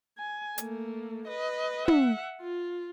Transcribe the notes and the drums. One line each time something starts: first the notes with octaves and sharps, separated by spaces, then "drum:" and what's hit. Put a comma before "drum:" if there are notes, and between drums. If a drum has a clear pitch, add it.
G#5
A3 A#3, drum: hi-hat
B4 D#5
E5 F#5, drum: tom
F4